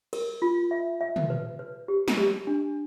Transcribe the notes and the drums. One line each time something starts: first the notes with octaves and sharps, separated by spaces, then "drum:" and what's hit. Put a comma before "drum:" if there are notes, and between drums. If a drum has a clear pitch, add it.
A#4, drum: cymbal
F4
E5
E5
drum: tom
B4
B4
G4
drum: snare
G4
D4